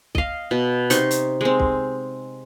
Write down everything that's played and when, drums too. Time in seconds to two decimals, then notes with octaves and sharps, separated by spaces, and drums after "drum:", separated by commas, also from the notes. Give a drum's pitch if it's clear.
0.15 D#5 F5, drum: kick
0.51 B2
0.90 C3 D#4 C6 C#6, drum: hi-hat
1.11 drum: hi-hat
1.41 G#3 C4
1.60 drum: kick